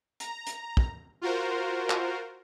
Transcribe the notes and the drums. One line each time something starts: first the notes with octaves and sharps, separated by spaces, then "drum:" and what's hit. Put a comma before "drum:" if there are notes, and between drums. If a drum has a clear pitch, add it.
A#5, drum: hi-hat
drum: hi-hat
drum: kick
F4 F#4 A#4 C5
drum: clap